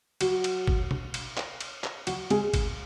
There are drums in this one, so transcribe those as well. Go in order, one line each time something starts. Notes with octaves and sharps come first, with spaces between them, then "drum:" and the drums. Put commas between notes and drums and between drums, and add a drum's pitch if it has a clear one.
F#3 F#4, drum: cymbal
drum: cymbal
drum: kick
drum: tom B2
drum: cymbal
drum: clap
drum: cymbal
drum: clap
F#3 F#4, drum: cymbal
G#3 G#4, drum: cymbal
drum: kick, cymbal